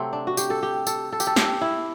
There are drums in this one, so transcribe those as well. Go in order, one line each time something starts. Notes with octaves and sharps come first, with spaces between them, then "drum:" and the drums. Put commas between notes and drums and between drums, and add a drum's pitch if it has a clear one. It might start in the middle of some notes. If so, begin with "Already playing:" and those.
Already playing: C3 F#3 A3 C4
D4
F#4
G4, drum: tambourine
A4
G4
A4, drum: tambourine
A4
G4, drum: tambourine
A4
G4, drum: snare
E4